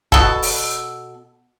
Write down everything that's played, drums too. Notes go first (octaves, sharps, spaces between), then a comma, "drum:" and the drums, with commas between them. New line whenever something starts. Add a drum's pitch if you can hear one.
B2 A4, drum: kick
drum: open hi-hat